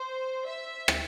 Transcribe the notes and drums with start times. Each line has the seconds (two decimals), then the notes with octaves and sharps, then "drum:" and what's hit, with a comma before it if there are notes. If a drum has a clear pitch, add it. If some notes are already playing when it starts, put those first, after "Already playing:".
Already playing: C5
0.47 E5
0.88 drum: rim click